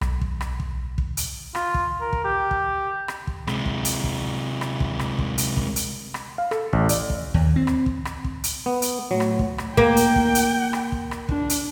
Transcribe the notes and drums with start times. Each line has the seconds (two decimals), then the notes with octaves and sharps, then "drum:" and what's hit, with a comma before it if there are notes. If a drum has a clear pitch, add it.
0.01 B1, drum: rim click
0.21 drum: kick
0.41 drum: rim click
0.60 drum: kick
0.98 drum: kick
1.17 drum: hi-hat
1.55 F4, drum: rim click
1.74 drum: kick
2.01 A#4
2.13 drum: kick
2.24 G4
2.51 drum: kick
3.08 drum: rim click
3.27 drum: kick
3.48 C3 G#3, drum: rim click
3.66 drum: kick
3.85 drum: hi-hat
4.04 drum: kick
4.61 drum: rim click
4.80 drum: kick
4.99 drum: rim click
5.19 drum: kick
5.38 drum: hi-hat
5.57 drum: kick
5.76 drum: hi-hat
6.14 drum: rim click
6.38 F5
6.51 A4, drum: rim click
6.73 A1, drum: kick
6.89 D5, drum: hi-hat
7.10 drum: kick
7.34 D#2
7.56 C4
7.67 drum: rim click
7.86 drum: kick
8.05 drum: rim click
8.24 drum: kick
8.44 drum: hi-hat
8.66 B3
8.82 drum: hi-hat
9.11 A2 F#3
9.20 drum: rim click
9.39 drum: kick
9.58 drum: rim click
9.77 A#3 G5, drum: kick
9.97 drum: hi-hat
10.16 drum: kick
10.35 drum: hi-hat
10.73 drum: rim click
10.92 drum: kick
11.11 drum: rim click
11.29 D4, drum: kick
11.50 drum: hi-hat